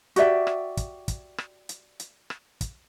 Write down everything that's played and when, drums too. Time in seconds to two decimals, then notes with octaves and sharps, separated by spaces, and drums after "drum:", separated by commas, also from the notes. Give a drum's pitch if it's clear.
0.16 F#4 G4 D5 E5, drum: hi-hat
0.47 drum: rim click
0.77 drum: kick, hi-hat
1.08 drum: kick, hi-hat
1.38 drum: rim click
1.69 drum: hi-hat
2.00 drum: hi-hat
2.30 drum: rim click
2.61 drum: kick, hi-hat